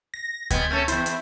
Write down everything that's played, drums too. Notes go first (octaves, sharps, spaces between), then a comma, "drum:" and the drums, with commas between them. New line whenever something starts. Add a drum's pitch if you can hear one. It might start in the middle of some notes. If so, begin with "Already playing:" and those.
A#6
G3 G#3 B3 G#6, drum: kick D2, hi-hat
A3 C#4 A4
E2 E4 C5, drum: hi-hat
drum: hi-hat